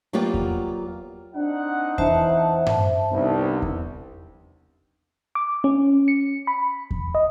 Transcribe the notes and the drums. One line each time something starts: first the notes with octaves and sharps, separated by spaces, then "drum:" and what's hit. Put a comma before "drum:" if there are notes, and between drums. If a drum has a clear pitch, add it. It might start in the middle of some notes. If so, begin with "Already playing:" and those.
F#3 A#3 B3 F4 G4 D5
drum: kick E2
C4 D4 D#4 F#5
E3 C5 E5 A5, drum: kick E2
drum: tom G2
C2 B3 D4 D#4
drum: kick E2
D6
C#4
C#7
B5
drum: kick E2
D#5